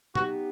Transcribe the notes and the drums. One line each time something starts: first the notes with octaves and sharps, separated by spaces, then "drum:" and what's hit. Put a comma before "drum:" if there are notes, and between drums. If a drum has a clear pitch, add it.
B3 D#4 F#4 G4, drum: tom A#2